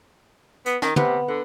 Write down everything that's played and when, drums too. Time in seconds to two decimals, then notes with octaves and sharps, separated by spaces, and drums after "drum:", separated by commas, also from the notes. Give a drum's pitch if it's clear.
0.66 B3, drum: hi-hat
0.82 D#3, drum: snare
0.96 C3 B3 F#5, drum: tom
1.28 D3 F#5